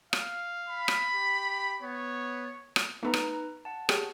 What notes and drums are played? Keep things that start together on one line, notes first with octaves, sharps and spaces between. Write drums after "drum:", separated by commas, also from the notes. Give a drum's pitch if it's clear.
F5, drum: rim click
B5
drum: rim click
G4
B3 C#5
drum: rim click
A3 B3 D#4 B4 A#5
drum: rim click
F#5 A5
G4 G#4 C#5, drum: rim click